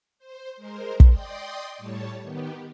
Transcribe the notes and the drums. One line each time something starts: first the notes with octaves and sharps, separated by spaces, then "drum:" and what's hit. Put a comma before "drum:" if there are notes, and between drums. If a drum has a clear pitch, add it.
C5
G#3 A#4 C5
drum: kick
D5 D#5 G5 C6 D#6
A2 G3 C#5 A5
D#3 B3 G4